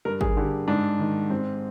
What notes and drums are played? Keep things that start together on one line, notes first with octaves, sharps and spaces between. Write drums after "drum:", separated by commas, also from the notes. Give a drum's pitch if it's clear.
G2 A#4
G#4, drum: kick G#1
D3 G4
G#2 D4
D#3
G#2 C4